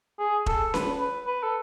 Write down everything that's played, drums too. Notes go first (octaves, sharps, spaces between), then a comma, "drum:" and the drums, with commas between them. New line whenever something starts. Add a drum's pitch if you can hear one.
G#4
A4, drum: kick E1
B4, drum: snare C#4
B4
B4
A4